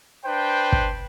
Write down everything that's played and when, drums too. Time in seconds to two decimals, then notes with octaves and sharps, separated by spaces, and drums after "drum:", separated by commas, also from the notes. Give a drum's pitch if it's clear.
0.25 D4 B4 C5 G5
0.72 drum: kick